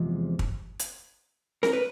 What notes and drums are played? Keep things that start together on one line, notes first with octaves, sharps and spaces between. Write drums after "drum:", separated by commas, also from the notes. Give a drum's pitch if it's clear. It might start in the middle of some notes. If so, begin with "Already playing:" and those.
Already playing: E2 C3 F3 G#3
drum: kick
drum: hi-hat
A#4, drum: snare C4
B4